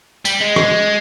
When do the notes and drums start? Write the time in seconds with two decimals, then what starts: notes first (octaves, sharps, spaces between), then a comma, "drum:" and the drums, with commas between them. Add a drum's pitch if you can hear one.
0.25 G3, drum: tambourine
0.41 G#3
0.56 drum: rim click